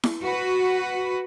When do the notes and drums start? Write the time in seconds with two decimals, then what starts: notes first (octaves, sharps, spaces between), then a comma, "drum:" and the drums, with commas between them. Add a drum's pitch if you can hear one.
0.04 drum: snare E4
0.21 F#4 B4